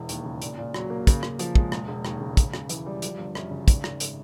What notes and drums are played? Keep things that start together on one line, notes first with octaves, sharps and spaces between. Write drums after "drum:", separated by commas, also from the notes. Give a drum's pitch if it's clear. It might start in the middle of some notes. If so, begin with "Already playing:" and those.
Already playing: E1 E3
D#2, drum: hi-hat
C#3
A#2, drum: hi-hat
A#2
F#3, drum: rim click
A#3
C#3, drum: kick, hi-hat
C#3, drum: rim click
F3, drum: hi-hat
G#3, drum: kick
E1, drum: rim click
E1
D#2, drum: rim click
C#3
C#3, drum: kick, hi-hat
C#3, drum: rim click
E3, drum: hi-hat
G3
F3, drum: hi-hat
G1
F#2, drum: rim click
C#3
G#1, drum: kick, hi-hat
G#1, drum: rim click
drum: hi-hat